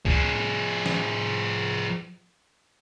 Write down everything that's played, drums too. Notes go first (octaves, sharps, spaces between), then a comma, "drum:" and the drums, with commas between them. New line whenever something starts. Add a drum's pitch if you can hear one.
F3 G#4, drum: kick C2
drum: snare